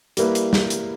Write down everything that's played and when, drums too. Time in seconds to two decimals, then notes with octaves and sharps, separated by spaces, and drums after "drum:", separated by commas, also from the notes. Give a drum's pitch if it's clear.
0.17 G3 A#3 E4 B4, drum: hi-hat
0.35 drum: hi-hat
0.53 drum: snare
0.70 drum: hi-hat